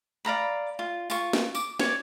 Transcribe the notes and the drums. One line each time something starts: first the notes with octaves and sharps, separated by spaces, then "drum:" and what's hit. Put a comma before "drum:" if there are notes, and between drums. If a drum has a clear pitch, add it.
D5 F5 A#5 B5
F4
F4 C#6, drum: tambourine
drum: snare
D6, drum: tambourine
C#5 D5, drum: snare